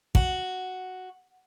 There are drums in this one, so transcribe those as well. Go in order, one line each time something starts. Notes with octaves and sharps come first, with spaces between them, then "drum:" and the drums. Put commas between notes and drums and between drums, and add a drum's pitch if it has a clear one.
F#4, drum: kick